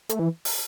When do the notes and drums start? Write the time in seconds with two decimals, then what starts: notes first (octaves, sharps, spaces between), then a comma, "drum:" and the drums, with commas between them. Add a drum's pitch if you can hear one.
0.09 A3, drum: hi-hat
0.19 E3
0.45 drum: open hi-hat